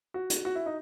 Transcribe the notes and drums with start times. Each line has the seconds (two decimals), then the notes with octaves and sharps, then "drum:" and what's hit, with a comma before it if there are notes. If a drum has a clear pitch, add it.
0.14 F#4
0.30 drum: hi-hat
0.45 F#4
0.55 E4
0.66 D#4